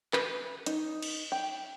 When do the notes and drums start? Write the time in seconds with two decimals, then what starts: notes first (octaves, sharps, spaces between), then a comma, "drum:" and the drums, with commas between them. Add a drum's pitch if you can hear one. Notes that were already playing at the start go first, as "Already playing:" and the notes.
0.13 B4, drum: clap
0.66 D#4, drum: hi-hat
1.03 drum: cymbal
1.32 G5